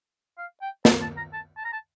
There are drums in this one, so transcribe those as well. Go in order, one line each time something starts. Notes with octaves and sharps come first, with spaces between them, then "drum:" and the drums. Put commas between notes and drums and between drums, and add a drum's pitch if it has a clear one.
F5
G5
A5, drum: snare
A5
A#5
A5
A5
A#5
A5